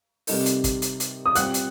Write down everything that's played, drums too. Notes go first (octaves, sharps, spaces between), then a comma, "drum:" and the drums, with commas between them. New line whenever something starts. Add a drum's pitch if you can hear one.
C3 G3 A#3 D#4 A4, drum: open hi-hat
drum: hi-hat
drum: kick, hi-hat
drum: hi-hat
drum: hi-hat
D#6
A#2 G3 C4 G4 F#5 F#6, drum: hi-hat
drum: hi-hat